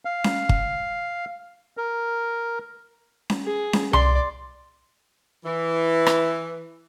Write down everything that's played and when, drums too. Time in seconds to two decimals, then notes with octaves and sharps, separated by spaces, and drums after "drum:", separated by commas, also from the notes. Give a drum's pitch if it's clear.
0.05 F5
0.24 drum: snare C#4
0.49 drum: kick
1.77 A#4
3.30 drum: snare C#4
3.45 G#4
3.73 drum: snare C#4
3.93 D5 C6, drum: tom C2
5.45 E3
6.06 drum: rim click